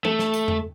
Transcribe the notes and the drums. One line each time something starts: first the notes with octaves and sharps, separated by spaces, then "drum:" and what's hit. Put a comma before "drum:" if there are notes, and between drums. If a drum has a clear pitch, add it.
A3, drum: tom E3
drum: snare
drum: tambourine
drum: tom E2